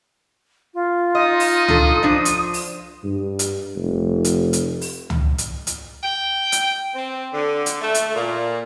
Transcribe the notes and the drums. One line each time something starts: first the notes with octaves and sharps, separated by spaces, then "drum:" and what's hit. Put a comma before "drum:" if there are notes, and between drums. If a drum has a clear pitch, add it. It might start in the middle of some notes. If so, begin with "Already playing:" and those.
F4
D#4 D#5 D#6
drum: open hi-hat
D4 A4, drum: tom C#2
F3 D4 C5
drum: hi-hat
drum: open hi-hat
G2
drum: hi-hat
F1
drum: hi-hat
drum: hi-hat
drum: open hi-hat
drum: tom C#2
drum: hi-hat
drum: hi-hat
G5
drum: hi-hat
C4
D3
drum: hi-hat
A3
drum: hi-hat
A#2